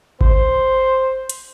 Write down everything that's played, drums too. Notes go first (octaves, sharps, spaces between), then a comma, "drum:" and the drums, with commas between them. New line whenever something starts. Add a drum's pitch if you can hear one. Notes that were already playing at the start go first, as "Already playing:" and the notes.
C5, drum: kick G#1
drum: hi-hat